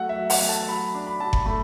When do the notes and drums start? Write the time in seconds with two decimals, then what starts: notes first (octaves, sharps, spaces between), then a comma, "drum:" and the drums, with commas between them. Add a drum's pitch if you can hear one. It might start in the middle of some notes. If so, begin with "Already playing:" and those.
Already playing: F#3 A3 F#5
0.09 E5
0.16 F#3
0.30 F#5, drum: open hi-hat
0.42 A3
0.49 A5
0.68 F#3 B5
0.94 D4
1.07 B5
1.20 F#3 A5
1.33 B5, drum: kick F#1
1.46 A3 B5